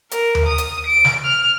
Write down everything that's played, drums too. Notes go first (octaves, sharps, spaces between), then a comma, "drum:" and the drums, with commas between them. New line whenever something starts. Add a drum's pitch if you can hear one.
A#4, drum: hi-hat
drum: tom D#2
D#6
drum: hi-hat
D7
drum: snare
F6